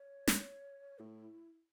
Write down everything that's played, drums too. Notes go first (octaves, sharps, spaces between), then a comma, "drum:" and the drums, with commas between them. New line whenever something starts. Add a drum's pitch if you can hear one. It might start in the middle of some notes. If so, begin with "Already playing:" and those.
Already playing: C#5
drum: snare
A2 E4